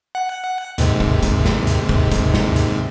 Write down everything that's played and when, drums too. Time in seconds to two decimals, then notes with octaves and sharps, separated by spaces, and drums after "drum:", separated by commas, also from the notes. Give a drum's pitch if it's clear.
0.15 F#5
0.78 D#2 G#2 C3, drum: hi-hat
1.00 drum: kick
1.23 drum: kick, hi-hat
1.45 drum: snare
1.67 drum: hi-hat
1.89 drum: kick
2.11 drum: kick, hi-hat
2.34 drum: snare
2.56 drum: hi-hat